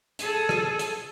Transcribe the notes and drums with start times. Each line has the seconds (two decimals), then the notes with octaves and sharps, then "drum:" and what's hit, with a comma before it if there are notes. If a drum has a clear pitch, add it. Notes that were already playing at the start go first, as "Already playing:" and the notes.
0.19 G#4 A4, drum: hi-hat
0.49 drum: rim click
0.79 drum: hi-hat